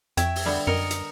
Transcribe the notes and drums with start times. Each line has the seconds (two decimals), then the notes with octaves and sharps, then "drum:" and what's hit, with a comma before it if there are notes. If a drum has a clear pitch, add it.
0.17 F2 E5 G5 G#6, drum: hi-hat
0.36 drum: open hi-hat
0.45 D3 G3 B3
0.67 F#2 A#4 D#5 C#7
0.91 drum: hi-hat